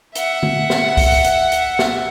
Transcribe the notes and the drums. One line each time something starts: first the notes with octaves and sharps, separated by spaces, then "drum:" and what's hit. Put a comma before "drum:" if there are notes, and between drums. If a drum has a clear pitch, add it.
E5 F#5, drum: hi-hat
drum: tom D3
drum: snare
drum: kick, open hi-hat
drum: hi-hat
drum: hi-hat
drum: snare